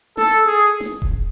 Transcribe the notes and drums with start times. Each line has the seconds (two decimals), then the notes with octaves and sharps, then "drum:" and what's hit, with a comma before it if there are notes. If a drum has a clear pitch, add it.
0.17 A4, drum: snare
0.46 G#4
0.80 drum: snare
1.02 drum: kick D#1